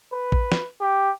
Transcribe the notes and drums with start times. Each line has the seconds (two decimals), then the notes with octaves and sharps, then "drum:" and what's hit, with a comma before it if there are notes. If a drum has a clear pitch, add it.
0.13 B4
0.32 drum: kick A1
0.52 drum: snare
0.81 G4